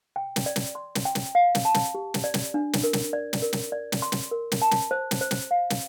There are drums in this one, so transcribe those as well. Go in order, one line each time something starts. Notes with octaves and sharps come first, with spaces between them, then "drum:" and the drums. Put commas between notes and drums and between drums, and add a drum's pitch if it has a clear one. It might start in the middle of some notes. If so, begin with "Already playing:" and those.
G5
drum: snare
D5
drum: snare
C6
drum: snare
G5
drum: snare
F5
drum: snare
A5
drum: snare
G4
drum: snare
D5
drum: snare
D4
drum: snare
A#4
drum: snare
D5
drum: snare
A#4
drum: snare
D5
drum: snare
C6
drum: snare
A#4
drum: snare
A5
drum: snare
C5
drum: snare
C5
drum: snare
F5
drum: snare